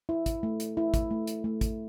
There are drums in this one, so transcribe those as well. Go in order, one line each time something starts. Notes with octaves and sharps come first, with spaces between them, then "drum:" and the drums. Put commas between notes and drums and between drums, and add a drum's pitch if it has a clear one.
E4
drum: kick, hi-hat
A3
drum: hi-hat
E4
drum: kick, hi-hat
A3
drum: hi-hat
A3
drum: kick, hi-hat